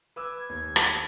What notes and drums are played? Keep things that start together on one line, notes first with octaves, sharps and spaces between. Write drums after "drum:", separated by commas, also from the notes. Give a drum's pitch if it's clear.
B4 D6 E6 G#6
D#2
drum: rim click